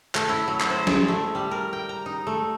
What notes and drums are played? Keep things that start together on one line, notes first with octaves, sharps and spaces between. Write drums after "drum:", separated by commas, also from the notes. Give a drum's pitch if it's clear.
A3, drum: clap
E4
F#3
drum: clap
C5
G#4, drum: snare
A3
G3
A#4
G5
A#5
D#4
A3